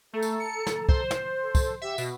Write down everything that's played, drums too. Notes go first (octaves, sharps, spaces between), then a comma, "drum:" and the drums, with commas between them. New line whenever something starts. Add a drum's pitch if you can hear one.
A3 A4 A#5
drum: tambourine
C#7
drum: snare
C5, drum: kick
drum: snare
A4
drum: kick, tambourine
G4 E5 F#5
B2 F#4, drum: tambourine